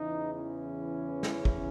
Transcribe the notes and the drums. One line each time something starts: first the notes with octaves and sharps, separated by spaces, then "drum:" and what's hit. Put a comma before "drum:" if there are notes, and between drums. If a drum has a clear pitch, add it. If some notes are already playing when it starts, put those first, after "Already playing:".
Already playing: E2 C#3 E3 D#4
C#4
drum: snare
drum: kick